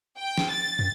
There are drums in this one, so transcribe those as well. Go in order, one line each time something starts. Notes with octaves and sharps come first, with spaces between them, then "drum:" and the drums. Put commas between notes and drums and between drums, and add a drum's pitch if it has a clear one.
G5
drum: snare
A6
drum: tom